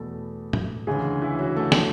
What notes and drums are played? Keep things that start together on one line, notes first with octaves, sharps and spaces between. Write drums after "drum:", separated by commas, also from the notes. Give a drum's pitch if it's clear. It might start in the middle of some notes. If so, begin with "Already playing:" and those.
Already playing: E2 B2 A3 A4
drum: tom
D2 C#3 E3 G#3 G#4
E3 E4
F#3 F#4
A3 A4
drum: snare